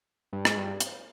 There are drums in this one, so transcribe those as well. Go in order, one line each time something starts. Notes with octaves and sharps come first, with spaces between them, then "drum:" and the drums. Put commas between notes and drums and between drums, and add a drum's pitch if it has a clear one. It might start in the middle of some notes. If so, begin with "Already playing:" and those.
G2
G#2, drum: rim click
G2
drum: hi-hat